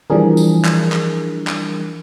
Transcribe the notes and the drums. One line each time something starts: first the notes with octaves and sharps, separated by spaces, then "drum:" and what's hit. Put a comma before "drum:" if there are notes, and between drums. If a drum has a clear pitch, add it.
E3 F3 G3 D4 G#4 A#4, drum: tom D#3
drum: tambourine
drum: clap
drum: clap
drum: clap